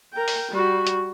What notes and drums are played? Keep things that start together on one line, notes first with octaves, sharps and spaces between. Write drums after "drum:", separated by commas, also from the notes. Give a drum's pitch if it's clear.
A#4 G5
drum: open hi-hat
G3 F#4
drum: hi-hat